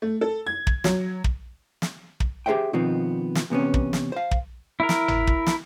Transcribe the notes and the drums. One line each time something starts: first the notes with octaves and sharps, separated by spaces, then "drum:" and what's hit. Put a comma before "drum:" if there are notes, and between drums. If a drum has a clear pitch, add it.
A3
A4
G#6
drum: kick
F#3, drum: snare
drum: kick
drum: snare
drum: kick
G4 G#4 B4 C5 E5 G5
B2 D#3 F3 B3 C4
drum: snare
E2 C3 B3 C#4
drum: kick
drum: snare
C5 F5
drum: kick
E4 A#4
drum: snare
drum: tom
drum: kick
drum: snare